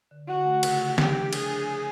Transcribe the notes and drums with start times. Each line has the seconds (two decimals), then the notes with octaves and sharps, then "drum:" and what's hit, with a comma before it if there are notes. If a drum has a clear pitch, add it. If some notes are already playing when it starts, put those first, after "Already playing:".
0.11 D3
0.28 D3 F#4
0.45 A3
0.63 C#3, drum: cymbal
0.80 C#3
0.98 F3 G4, drum: snare
1.15 D4
1.33 D4 G#4, drum: cymbal
1.50 D4
1.67 D4